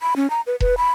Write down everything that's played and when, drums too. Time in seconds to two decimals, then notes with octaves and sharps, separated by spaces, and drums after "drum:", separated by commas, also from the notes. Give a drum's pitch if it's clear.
0.02 B5
0.16 C#4
0.30 A#5
0.47 B4
0.61 B4, drum: kick E1
0.78 B5